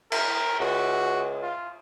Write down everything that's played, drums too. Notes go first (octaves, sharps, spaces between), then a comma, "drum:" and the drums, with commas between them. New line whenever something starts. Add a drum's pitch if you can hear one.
A#4, drum: cymbal
C#2 F#4
F4